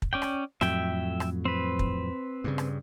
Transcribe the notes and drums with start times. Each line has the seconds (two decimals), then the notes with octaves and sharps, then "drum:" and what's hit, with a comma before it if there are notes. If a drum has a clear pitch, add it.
0.02 drum: kick
0.13 C#4 D5 G5
0.22 drum: rim click
0.61 F2 A2 F#3 E5 G5, drum: rim click
1.20 drum: rim click
1.45 C4 B4
1.79 drum: kick
2.44 G2 C#3
2.58 drum: rim click